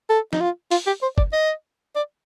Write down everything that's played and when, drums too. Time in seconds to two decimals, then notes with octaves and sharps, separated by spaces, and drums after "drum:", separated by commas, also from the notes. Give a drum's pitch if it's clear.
0.10 A4
0.33 D#4, drum: snare F3
0.40 F4
0.71 F4, drum: open hi-hat
0.87 G4
1.03 C5
1.18 D5, drum: kick G1
1.33 D#5
1.96 D5